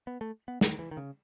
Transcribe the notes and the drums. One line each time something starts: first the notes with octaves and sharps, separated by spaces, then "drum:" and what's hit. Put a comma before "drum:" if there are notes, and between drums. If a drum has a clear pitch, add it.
B3
A3
B3
D#3, drum: snare
E3
D#3
C#3